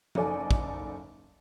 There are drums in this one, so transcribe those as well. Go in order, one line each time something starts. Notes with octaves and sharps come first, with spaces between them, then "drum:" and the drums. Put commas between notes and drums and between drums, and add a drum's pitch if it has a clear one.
F#1 D#4 A4 D5 G#5, drum: tom F3
drum: kick